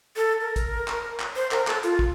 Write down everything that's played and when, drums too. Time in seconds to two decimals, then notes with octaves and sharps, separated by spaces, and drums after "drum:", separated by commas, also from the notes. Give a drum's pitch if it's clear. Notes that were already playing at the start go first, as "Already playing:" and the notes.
0.17 A4
0.41 A#4
0.56 drum: kick, hi-hat
0.88 drum: clap
1.20 drum: clap
1.36 C5
1.51 A#4, drum: clap
1.67 A4, drum: clap
1.83 F4, drum: hi-hat
1.99 drum: kick